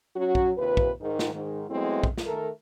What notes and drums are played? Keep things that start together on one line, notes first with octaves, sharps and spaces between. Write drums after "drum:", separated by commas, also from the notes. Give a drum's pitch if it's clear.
F#3 C#4 F#4
drum: kick
D#2 C3 F4 B4
drum: kick
G#2 D#3
drum: snare
G#2 D#3
F#3 G#3 A3 B3 C4 E4
drum: kick
drum: snare
D#3 A3 A4 A#4